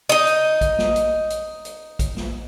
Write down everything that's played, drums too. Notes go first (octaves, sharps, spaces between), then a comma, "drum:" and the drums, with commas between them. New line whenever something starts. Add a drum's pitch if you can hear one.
D#4 D#5
drum: hi-hat
drum: kick A#1, hi-hat
drum: snare
drum: hi-hat
drum: hi-hat
drum: hi-hat
drum: kick A#1, hi-hat
drum: snare